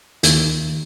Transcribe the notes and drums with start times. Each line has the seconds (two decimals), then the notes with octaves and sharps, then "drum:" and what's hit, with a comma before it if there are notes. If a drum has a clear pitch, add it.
0.23 D#2, drum: hi-hat